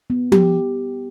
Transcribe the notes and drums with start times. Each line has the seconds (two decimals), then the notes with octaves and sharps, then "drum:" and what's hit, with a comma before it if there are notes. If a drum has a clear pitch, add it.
0.10 B3
0.32 G4, drum: tom F3